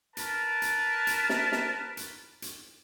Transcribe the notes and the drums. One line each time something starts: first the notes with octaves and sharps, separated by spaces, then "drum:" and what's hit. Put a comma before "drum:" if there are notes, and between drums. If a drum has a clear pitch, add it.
A#4 B4 A5, drum: hi-hat
drum: hi-hat
drum: hi-hat
drum: snare
drum: snare
drum: hi-hat
drum: hi-hat